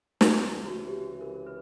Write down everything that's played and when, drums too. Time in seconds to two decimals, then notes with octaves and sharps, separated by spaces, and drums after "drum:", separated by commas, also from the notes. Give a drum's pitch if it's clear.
0.21 C#2 C3 E3 E4, drum: snare
0.66 F#4
0.87 G4
1.21 A#4
1.46 B4